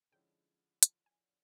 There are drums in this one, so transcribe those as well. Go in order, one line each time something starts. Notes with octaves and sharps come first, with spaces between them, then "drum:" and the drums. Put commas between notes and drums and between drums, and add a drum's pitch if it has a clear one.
D3 F3 G#3 C#4 E4 G5
A5, drum: hi-hat
G#5